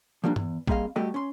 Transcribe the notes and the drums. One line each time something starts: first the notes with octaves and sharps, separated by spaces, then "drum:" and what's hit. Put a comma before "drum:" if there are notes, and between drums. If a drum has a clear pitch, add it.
F3 G3 A#3 D4
E2, drum: tom G2
G3 A#3 C4 G#4 D#5 F5, drum: kick
G3 A3 F#4 G4 A4 D#5
C#4 C6